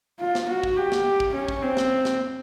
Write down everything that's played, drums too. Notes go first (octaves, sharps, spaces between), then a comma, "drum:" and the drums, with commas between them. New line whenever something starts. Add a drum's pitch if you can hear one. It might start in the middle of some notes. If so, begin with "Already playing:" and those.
F4
drum: snare
F#4
drum: kick
G4
drum: snare
drum: kick
C#4
drum: kick
C4
drum: snare
drum: snare